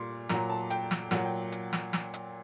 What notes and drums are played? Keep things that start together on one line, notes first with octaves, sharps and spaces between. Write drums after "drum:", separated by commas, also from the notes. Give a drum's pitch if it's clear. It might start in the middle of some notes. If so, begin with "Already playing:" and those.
Already playing: A#2 G3 C6 D6
A#2 F#3 A#5, drum: snare
A5
G5, drum: hi-hat
drum: snare
A#2 F#3 F#5, drum: snare
G5
drum: hi-hat
drum: snare
drum: snare
drum: hi-hat